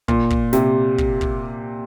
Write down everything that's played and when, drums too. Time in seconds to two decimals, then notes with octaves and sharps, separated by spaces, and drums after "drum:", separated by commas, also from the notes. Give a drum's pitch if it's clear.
0.08 A#2, drum: kick
0.30 drum: kick
0.53 C3, drum: snare
0.98 drum: kick
1.21 drum: kick